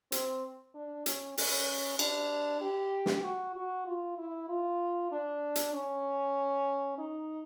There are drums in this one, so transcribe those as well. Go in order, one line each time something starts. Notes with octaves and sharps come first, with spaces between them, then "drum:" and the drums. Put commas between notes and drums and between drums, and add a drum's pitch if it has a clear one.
C4, drum: hi-hat
D4
C#4, drum: hi-hat
C#4, drum: open hi-hat
D4, drum: cymbal
G4
drum: snare
F#4
F#4
F4
E4
F4
D4
drum: hi-hat
C#4
D#4